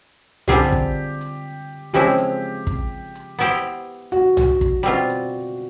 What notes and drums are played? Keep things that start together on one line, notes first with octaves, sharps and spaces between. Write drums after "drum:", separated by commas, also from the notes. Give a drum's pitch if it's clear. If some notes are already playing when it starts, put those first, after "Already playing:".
D3 G3 C4 F4 G4 G#4, drum: tom B1
drum: kick
drum: hi-hat
C#3 F3 G#3 C4 E4 G4
drum: hi-hat
drum: kick, hi-hat
drum: hi-hat
B3 E4 G4 C5
F#4, drum: hi-hat
drum: tom B1
drum: kick, hi-hat
B2 G3 C4 F4
drum: hi-hat